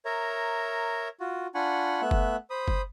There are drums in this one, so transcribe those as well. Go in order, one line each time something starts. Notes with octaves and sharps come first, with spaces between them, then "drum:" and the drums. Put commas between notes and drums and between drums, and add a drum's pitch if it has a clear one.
A#4 C#5 E5 A#5
F4 F#4
D4 F4 F#5 G#5 B5 C#6
A3 B3 E5 F#6
drum: kick F#1
C5 B5 D#6
drum: kick F#1